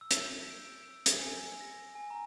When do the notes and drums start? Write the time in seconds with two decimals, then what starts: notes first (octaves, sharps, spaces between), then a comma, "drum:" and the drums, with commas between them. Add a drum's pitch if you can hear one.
0.01 E6
0.11 drum: hi-hat
0.25 G6
0.50 D7
0.91 E6
1.06 drum: hi-hat
1.19 G#5
1.61 A#6
1.95 G#5
2.10 A#5